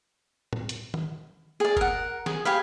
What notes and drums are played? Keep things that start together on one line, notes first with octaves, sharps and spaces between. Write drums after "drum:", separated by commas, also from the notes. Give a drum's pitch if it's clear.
drum: tom
drum: hi-hat
drum: tom D#3
G#4 D5
A#4 F#5, drum: kick
G#4, drum: snare
G4 G#4 F5 B5